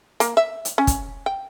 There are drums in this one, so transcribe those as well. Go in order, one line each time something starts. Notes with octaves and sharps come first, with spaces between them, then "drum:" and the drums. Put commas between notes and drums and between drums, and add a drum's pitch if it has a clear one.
A#3, drum: hi-hat
E5
drum: hi-hat
C#4
drum: kick, hi-hat
G5